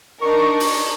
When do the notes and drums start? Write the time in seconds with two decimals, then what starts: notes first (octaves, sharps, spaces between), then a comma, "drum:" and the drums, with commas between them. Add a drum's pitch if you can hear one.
0.21 D4 D#4 A#4 C#6
0.60 drum: open hi-hat